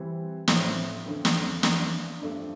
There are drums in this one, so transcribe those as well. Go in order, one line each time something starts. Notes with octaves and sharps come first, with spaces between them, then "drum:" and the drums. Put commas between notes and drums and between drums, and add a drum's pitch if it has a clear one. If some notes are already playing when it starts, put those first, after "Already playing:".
Already playing: E3 G3 C4
A2 F3 C4 E4, drum: snare
F2 D3 F3 C4
drum: snare
E3 A#3 D4, drum: snare
G2 F3 A3 D4